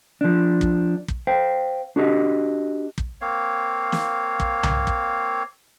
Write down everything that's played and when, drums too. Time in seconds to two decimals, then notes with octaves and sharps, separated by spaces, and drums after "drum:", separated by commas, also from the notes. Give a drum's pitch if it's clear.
0.21 F3 D4
0.61 drum: kick
1.08 drum: kick
1.27 C5 F5 G5
1.96 D4 F#4 G4 D#5
2.98 drum: kick
3.21 A#3 C4 C#5 F5
3.92 drum: snare
4.40 drum: kick
4.63 drum: tom C2
4.87 drum: kick